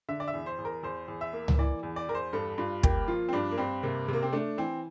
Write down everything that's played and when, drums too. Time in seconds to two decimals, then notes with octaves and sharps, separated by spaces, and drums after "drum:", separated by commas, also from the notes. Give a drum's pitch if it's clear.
0.09 D3 E5
0.20 D5
0.28 E5
0.34 E2
0.46 C5
0.58 E2
0.65 A#4
0.83 E2 C5
1.08 E2
1.21 E5
1.33 A#3
1.48 drum: tom C#2
1.58 E3 D5
1.83 E2
1.96 D5
2.08 E2 A#4
2.14 C5
2.33 G2 A4
2.58 G2 F4
2.83 A#3 G4, drum: kick
3.08 F3 F4
3.29 C4
3.33 G2 D4
3.51 A#3
3.58 G2 C4
3.83 C3 A#3
4.08 C3 A#3
4.23 C4
4.33 A3 D4
4.58 E3 C4